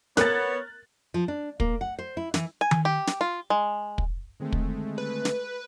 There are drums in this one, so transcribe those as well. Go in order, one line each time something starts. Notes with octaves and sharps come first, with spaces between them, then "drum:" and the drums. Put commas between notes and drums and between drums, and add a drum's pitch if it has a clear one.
B3 A#4 C#5 F#6 A6, drum: snare
F3
D4
A#3, drum: kick
F#5
C5
E4
E3, drum: snare
G#5
drum: tom D#3
G4
drum: snare
F4
G#3
drum: kick
D3 D#3 G#3 A3 C4
drum: kick
B4
drum: snare